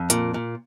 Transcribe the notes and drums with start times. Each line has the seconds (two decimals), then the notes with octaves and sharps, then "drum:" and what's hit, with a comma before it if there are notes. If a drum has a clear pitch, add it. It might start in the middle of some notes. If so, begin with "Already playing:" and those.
Already playing: F2
0.10 A#2, drum: hi-hat
0.34 A#2